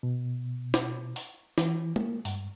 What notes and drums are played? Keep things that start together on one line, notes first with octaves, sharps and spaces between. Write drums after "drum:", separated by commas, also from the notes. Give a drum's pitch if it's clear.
B2
drum: snare
drum: open hi-hat
E3, drum: snare
A#3, drum: tom
G2, drum: open hi-hat